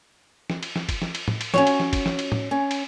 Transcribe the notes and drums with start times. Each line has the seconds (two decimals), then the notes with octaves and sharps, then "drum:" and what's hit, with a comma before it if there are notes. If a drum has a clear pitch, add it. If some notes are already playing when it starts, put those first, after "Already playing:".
0.50 drum: snare
0.63 drum: cymbal
0.76 drum: snare
0.89 drum: kick, cymbal
1.02 drum: snare
1.15 drum: cymbal
1.28 drum: tom
1.41 drum: cymbal
1.54 C#4 F#4 C#5, drum: snare
1.67 drum: cymbal
1.80 drum: snare
1.93 drum: kick, cymbal
2.06 drum: snare
2.19 drum: cymbal
2.32 drum: tom
2.51 C#4
2.71 drum: cymbal